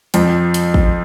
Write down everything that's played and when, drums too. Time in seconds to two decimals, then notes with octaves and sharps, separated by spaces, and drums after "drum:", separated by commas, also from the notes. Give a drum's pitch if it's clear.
0.14 F2 F3 C4, drum: hi-hat
0.54 drum: hi-hat
0.74 drum: kick